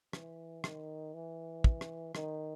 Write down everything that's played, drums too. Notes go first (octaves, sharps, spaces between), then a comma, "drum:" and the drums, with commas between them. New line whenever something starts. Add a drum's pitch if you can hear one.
E3, drum: rim click
D#3, drum: rim click
E3
drum: kick
drum: rim click
D#3, drum: rim click